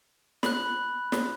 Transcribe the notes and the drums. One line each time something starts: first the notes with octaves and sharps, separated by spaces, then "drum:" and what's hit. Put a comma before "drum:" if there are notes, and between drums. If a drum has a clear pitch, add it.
B5 F#6, drum: snare
drum: snare